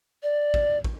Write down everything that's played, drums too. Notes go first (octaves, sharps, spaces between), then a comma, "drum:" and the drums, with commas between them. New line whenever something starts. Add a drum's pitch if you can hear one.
D5
drum: kick
drum: kick